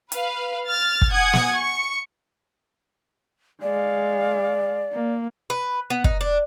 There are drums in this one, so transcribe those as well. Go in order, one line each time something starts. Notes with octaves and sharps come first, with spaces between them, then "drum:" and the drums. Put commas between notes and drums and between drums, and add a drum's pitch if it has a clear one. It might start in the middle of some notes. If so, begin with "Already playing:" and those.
B4 F5, drum: hi-hat
F6 A6
drum: kick
F#5 G#5 D#6 G#6 C#7
drum: snare
C#6 C#7
G#3 D5 F5
A#3
B4
B3
D#4, drum: kick
D4